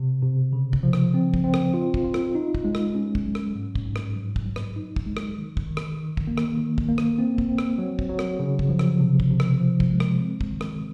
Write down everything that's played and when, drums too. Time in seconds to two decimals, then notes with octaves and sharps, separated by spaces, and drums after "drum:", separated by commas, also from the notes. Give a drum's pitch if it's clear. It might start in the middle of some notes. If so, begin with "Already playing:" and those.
Already playing: C3
0.22 C3
0.53 C#3
0.73 drum: kick
0.83 F3
0.93 drum: rim click
1.14 C4
1.34 drum: kick
1.44 C4
1.54 drum: rim click
1.74 F4
1.94 drum: kick
2.04 F4
2.14 drum: rim click
2.35 D#4
2.55 drum: kick
2.64 G#3
2.75 drum: rim click
2.95 C#4
3.15 drum: kick
3.25 F#3
3.35 drum: rim click
3.55 G#2
3.75 drum: kick
3.85 G#2
3.96 drum: rim click
4.16 F#3
4.36 drum: kick
4.46 F#3
4.56 drum: rim click
4.76 D#4
4.96 drum: kick
5.06 G#3
5.17 drum: rim click
5.37 D#3
5.57 drum: kick
5.67 D#3
5.77 drum: rim click
5.97 D#3
6.17 drum: kick
6.27 A#3
6.38 drum: rim click
6.57 D#3
6.78 drum: kick
6.88 A#3
6.98 drum: rim click
7.19 C4
7.38 drum: kick
7.48 C4
7.58 drum: rim click
7.78 F#3
7.99 drum: kick
8.09 F#3
8.19 drum: rim click
8.39 C#3
8.59 drum: kick
8.69 F3
8.79 drum: rim click
9.00 C3
9.20 drum: kick
9.30 C3
9.40 drum: rim click
9.60 F3
9.80 drum: kick
9.90 G#3
10.00 drum: rim click
10.20 C4
10.41 drum: kick
10.51 D#3
10.61 drum: rim click